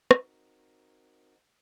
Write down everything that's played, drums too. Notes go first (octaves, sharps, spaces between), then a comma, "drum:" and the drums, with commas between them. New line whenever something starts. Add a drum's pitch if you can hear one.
C4 D#4 F#4 A#4, drum: rim click